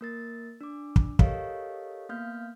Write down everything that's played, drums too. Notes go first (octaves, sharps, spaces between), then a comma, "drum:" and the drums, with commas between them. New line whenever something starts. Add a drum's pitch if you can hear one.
A#3 A#4 A6
D4 D6
drum: kick
G4 A4 A#4 C#5 D#5 F5, drum: kick
A#3 B3 F5 F6 G6